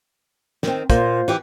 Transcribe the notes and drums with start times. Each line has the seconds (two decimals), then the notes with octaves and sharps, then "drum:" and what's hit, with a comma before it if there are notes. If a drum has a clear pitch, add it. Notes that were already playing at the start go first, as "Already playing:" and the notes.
0.63 D#3 C4, drum: snare
0.90 A#2 A#3 F4 C5, drum: kick, hi-hat
1.28 E3 G4